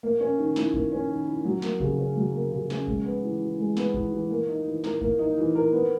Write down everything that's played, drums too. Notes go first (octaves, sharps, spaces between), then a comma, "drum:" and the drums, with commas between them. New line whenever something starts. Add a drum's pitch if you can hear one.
A#3
C#4
D#3
E4, drum: snare
A#3, drum: kick G#1
C#4
D#3
E4
F#3
A#3, drum: snare
C#3, drum: kick G#1
C#4
F#3
A#3
C#3
C#4, drum: snare
G#3, drum: kick G#1
B3
E3
E3
G#3
B3, drum: snare
E3, drum: kick G#1
E3
A#3
D#4
E3
A#4, drum: snare
A#3, drum: kick G#1
D#4
E3
A#4
B3